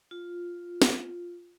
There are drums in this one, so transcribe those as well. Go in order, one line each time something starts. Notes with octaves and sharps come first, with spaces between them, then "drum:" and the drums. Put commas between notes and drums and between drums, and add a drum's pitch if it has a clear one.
F4
drum: snare